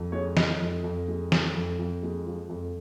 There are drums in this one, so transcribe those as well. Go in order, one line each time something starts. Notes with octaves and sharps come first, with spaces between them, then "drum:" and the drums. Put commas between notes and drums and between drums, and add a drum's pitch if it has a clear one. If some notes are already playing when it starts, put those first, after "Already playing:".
Already playing: F2
G#3 C#5
F3 D#5, drum: snare
F2
F2
G#3
F3, drum: snare
F2
F2
G#3
F3
F2